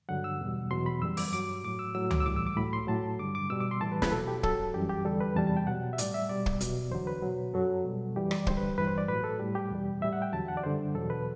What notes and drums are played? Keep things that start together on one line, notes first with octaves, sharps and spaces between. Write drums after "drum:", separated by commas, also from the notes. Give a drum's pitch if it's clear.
G2 D3 F#3 F#5
E6
E2 B2 G3
E2 B2 F#3 C6
B5
F#2 E3 G3 E6
D6, drum: open hi-hat
G2 F#3 D6
A2 F#3 D6
E6
A2 F#3 E6
D6, drum: tom C#2
E6
A2 E3 G3 D6
E6
D6
A2 F#3 B5
C6
A2 F#3 A5
G2 D3 G3 D6
D6
B2 G3 E6
D6
C6
A2 E3 G3 A5
B4
B4, drum: snare
B2 F#3 A4
G4
F#2 F#3 A4, drum: kick
F#2 E3 G3 G4
G4
E2 D3 G3 A4
B4
E2 C3 G3 A5
A5
G5
B2 F#3 F#5
E5
A2 G3 D5, drum: hi-hat
E5
B2 G3 D5
drum: kick
B2 F#3, drum: hi-hat
E2 D3 F#3 C5
B4
B2 F#3
F#2 F#3 A4
B2 G3
F#2 E3 G3 G4
D5, drum: rim click
E2 D3 G3 C5, drum: kick
B4
G2 E3 G3 B4
C5
D5
A2 F#3 B4
A4
A2 G3 G4
G4
E2 B2 G3
A2 G3 E5
F#5
G5
E2 D3 F#3 A5
F#5
D5
F#2 D3 G3 C5
E2 B2 F#3 A4
B4